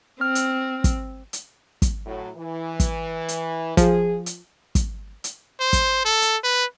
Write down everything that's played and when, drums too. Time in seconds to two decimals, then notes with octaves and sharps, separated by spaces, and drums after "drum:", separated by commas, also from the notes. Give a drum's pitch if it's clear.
0.21 C4 F6
0.35 drum: hi-hat
0.84 drum: kick, hi-hat
1.33 drum: hi-hat
1.82 drum: kick, hi-hat
2.06 A2 F#3
2.37 E3
2.80 drum: kick, hi-hat
3.28 drum: hi-hat
3.77 F3 G#4, drum: kick, hi-hat
4.26 drum: hi-hat
4.75 drum: kick, hi-hat
5.24 drum: hi-hat
5.60 C5
5.73 drum: kick, hi-hat
6.05 A4
6.22 drum: hi-hat
6.44 B4